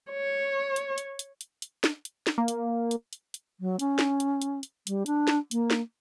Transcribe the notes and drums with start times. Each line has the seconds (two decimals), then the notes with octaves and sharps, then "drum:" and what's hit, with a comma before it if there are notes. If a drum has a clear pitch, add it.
0.11 C#5
0.76 drum: hi-hat
0.98 drum: hi-hat
1.19 drum: hi-hat
1.41 drum: hi-hat
1.62 drum: hi-hat
1.84 drum: snare
2.05 drum: hi-hat
2.27 drum: snare
2.38 A#3
2.48 drum: hi-hat
2.91 drum: hi-hat
3.13 drum: hi-hat
3.34 drum: hi-hat
3.60 F#3
3.79 C#4, drum: hi-hat
3.99 drum: snare
4.20 drum: hi-hat
4.42 drum: hi-hat
4.63 drum: hi-hat
4.87 G3, drum: hi-hat
5.06 D4, drum: hi-hat
5.27 drum: snare
5.51 A#3, drum: hi-hat
5.70 drum: snare